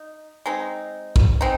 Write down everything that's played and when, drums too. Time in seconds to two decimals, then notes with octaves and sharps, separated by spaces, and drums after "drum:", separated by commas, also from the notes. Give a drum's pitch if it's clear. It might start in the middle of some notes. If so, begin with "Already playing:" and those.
Already playing: D#4
0.46 G#3 C4 D#4
1.16 drum: kick
1.41 G#3 C4 D#4